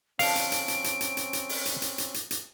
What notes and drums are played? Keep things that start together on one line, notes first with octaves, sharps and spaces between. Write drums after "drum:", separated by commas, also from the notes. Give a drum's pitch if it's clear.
D3 F3 C4 C#4 F5 D7, drum: open hi-hat
drum: hi-hat
drum: hi-hat
drum: hi-hat
drum: hi-hat
drum: hi-hat
drum: hi-hat
drum: hi-hat
drum: open hi-hat
drum: hi-hat
drum: hi-hat
drum: hi-hat
drum: hi-hat
drum: hi-hat